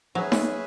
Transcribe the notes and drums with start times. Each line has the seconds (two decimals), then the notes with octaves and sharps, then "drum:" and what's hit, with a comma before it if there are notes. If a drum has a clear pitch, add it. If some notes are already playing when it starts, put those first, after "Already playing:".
0.15 F#3 C#4 G#4 B4 E5 G#5
0.32 drum: snare D#4